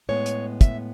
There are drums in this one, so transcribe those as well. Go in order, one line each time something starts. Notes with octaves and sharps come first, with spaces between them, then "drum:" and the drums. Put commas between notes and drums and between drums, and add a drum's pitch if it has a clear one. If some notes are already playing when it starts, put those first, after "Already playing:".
A2 G#3 B3 C#5
drum: hi-hat
E5, drum: kick, hi-hat